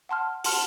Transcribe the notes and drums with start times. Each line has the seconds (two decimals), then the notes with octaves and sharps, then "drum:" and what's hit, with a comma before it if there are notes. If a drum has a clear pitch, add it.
0.09 F#5 A5 C6 F6
0.44 F#5 A5 C6 F6, drum: open hi-hat